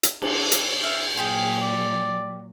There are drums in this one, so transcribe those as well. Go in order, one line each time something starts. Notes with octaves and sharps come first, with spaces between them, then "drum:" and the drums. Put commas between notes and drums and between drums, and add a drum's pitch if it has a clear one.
drum: hi-hat
D4, drum: cymbal
drum: hi-hat
E5 F6
A#2 F#3 F4 G4 G#4 G5
D5